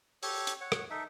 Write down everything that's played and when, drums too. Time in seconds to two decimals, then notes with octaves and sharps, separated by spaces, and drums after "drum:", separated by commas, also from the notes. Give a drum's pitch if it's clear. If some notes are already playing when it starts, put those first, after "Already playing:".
0.23 G4 A4 C#5, drum: open hi-hat
0.47 drum: hi-hat
0.61 C#5 F#5
0.72 drum: rim click
0.90 D#4 A4 E5